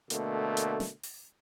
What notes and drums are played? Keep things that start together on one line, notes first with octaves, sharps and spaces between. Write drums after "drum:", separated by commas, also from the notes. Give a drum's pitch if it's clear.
B2 D3 A3 A#3, drum: hi-hat
drum: hi-hat
drum: snare
drum: open hi-hat